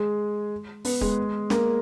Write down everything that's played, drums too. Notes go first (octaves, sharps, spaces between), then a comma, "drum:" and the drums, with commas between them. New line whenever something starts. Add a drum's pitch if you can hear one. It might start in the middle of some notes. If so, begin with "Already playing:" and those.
Already playing: G#3 G#4
B3 B4, drum: open hi-hat
G#3 G#4, drum: kick
A#3 A#4, drum: snare